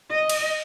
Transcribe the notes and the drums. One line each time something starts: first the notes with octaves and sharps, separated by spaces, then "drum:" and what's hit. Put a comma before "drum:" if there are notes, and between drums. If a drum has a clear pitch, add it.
D#5
drum: cymbal